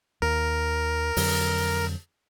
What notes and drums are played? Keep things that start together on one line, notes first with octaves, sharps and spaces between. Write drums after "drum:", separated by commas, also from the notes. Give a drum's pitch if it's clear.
D#2 A#4
F2 D3 F#3, drum: open hi-hat